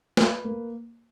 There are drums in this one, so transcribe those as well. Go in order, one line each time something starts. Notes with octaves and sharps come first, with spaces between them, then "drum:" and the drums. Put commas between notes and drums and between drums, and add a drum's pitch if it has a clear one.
B4, drum: snare
A#3